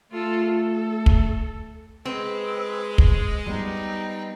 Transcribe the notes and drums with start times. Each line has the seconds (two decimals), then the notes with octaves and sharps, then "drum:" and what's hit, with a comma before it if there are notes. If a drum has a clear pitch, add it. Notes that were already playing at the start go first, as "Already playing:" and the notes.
0.12 A3 F4 A4
0.44 A4
1.06 drum: kick
2.05 G#3 C4 B4
2.98 drum: kick
3.46 G3 B3 D#4 G4